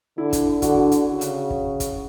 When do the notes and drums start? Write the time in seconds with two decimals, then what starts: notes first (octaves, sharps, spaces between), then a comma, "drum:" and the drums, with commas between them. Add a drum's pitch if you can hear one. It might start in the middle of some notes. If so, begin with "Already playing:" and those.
0.18 D3 E4
0.33 drum: kick, hi-hat
0.62 D3 F#4, drum: kick, hi-hat
0.92 drum: hi-hat
1.06 C#3 F#4
1.21 drum: hi-hat
1.50 drum: kick
1.80 drum: kick, hi-hat